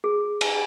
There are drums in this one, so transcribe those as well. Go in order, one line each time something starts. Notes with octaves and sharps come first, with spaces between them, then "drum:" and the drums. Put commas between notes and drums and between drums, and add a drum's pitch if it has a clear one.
G#4
drum: cymbal